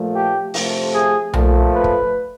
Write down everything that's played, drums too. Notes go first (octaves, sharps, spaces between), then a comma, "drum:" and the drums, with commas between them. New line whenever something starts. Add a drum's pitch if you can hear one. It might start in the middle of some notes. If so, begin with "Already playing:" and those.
Already playing: A#2 F3 A3
G4
C3 F3 A3, drum: open hi-hat
G#4
A#2 F3 A3, drum: tom B1
B4
drum: kick